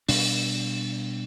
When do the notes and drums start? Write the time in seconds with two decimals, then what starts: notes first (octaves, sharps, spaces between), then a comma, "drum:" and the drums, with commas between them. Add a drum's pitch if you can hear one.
0.09 B2 G3 D4, drum: open hi-hat